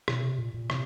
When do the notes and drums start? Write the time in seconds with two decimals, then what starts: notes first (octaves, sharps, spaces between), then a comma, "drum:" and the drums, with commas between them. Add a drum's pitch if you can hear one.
0.08 B2, drum: rim click
0.23 C3
0.39 A#2
0.54 A#2
0.70 C3, drum: rim click